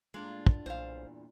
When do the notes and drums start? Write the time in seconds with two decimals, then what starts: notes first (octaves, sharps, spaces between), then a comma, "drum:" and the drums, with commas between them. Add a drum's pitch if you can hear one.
0.14 A2 G#3 A#3 D4 F4
0.47 drum: kick
0.66 B1 E2 G2 A#2 C5 F5